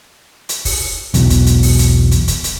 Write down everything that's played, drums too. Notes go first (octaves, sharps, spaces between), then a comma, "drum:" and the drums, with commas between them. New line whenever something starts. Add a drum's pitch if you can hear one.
drum: hi-hat
drum: kick, open hi-hat
B1 E2 B2, drum: hi-hat
drum: kick, hi-hat
drum: hi-hat
drum: kick, open hi-hat
drum: hi-hat
drum: hi-hat
drum: kick, hi-hat
drum: hi-hat